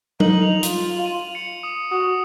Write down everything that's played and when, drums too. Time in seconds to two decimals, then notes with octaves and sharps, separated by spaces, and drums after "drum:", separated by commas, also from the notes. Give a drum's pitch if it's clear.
0.20 D#4 F#7, drum: tom F#3
0.42 F7
0.63 F4 F#7, drum: hi-hat
0.84 F7
1.06 D#7
1.35 C#7
1.63 D#6
1.91 F#4 D#6